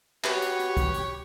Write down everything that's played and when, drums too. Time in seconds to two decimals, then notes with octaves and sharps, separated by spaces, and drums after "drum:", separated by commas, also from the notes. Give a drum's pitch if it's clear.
0.24 F#4 G4 B4 C#5, drum: clap
0.42 drum: hi-hat
0.59 drum: hi-hat
0.77 drum: kick C2, hi-hat
0.94 drum: hi-hat